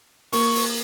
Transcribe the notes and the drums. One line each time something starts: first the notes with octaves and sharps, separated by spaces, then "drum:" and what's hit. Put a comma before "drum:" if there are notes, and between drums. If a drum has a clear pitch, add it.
A#3 C#6, drum: open hi-hat
drum: open hi-hat